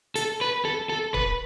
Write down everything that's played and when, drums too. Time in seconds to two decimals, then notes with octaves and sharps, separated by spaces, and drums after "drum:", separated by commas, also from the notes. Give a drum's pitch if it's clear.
0.16 A4, drum: hi-hat
0.41 B4
0.65 A4
0.89 A4
1.14 B4, drum: kick